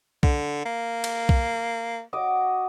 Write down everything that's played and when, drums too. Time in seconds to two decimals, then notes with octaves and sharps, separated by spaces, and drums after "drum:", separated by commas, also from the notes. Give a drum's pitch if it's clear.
0.23 D3, drum: kick B1
0.66 A#3
1.04 drum: cymbal
1.29 drum: kick B1
2.13 F#4 D#5 D6